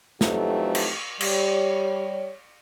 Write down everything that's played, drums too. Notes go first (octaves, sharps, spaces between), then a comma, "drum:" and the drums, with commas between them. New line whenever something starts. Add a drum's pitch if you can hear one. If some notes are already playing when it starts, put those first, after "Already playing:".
F2 E3 F#3 A3 D#4 G4, drum: snare
drum: cymbal
G3 C#5, drum: cymbal